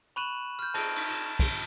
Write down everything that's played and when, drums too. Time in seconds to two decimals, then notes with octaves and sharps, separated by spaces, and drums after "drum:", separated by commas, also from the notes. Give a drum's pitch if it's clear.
0.16 B5 C#6 F#6 D#7 E7 F#7
0.59 F6 G6
0.74 A5 D7, drum: cymbal
0.96 drum: cymbal
1.10 E7
1.39 drum: kick, cymbal